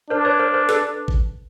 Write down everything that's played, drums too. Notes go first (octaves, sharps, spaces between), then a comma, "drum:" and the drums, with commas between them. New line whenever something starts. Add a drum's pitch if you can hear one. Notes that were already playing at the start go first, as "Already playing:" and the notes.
D4 A#4 C5
B4 C#5
A#4 C5
A#4 C5
A4 B4, drum: snare
drum: kick G#1